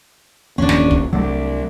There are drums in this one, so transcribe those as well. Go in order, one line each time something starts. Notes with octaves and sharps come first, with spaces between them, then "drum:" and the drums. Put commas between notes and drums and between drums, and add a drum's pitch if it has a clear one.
D#1 G#1 D#2 C#4 D4
drum: snare
drum: kick
C2 F#3 A3 D4